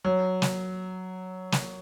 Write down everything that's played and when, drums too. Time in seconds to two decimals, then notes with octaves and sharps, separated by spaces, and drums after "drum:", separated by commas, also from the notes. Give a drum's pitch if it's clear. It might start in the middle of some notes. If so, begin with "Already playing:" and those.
0.05 F#3
0.42 drum: snare
1.52 drum: snare